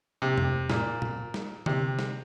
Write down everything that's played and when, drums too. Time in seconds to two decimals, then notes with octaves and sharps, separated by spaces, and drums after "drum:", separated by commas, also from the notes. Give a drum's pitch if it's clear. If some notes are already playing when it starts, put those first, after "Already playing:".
0.22 C3
0.38 drum: tom F2
0.70 A#2, drum: snare
1.02 drum: tom A#2
1.34 drum: snare
1.66 C3, drum: tom D3
1.99 drum: snare